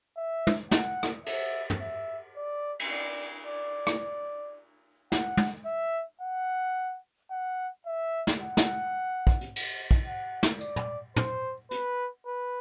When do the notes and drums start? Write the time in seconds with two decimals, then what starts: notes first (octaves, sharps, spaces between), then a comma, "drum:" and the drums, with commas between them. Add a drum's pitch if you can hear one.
0.17 E5
0.47 drum: tom
0.71 F#5, drum: snare
1.03 drum: rim click
1.26 E5, drum: cymbal
1.70 drum: tom
1.81 E5
2.37 D5
2.79 drum: cymbal
2.91 D5
3.46 D5
3.87 drum: rim click
5.12 F#5, drum: snare
5.37 drum: tom
5.66 E5
6.21 F#5
7.31 F#5
7.86 E5
8.27 drum: snare
8.41 F#5
8.57 drum: snare
9.27 drum: kick
9.41 drum: hi-hat
9.56 drum: cymbal
9.91 drum: kick
10.06 F#5
10.43 drum: snare
10.61 D5, drum: tambourine
10.76 drum: tom
11.16 C5, drum: tom
11.71 B4, drum: hi-hat
12.26 B4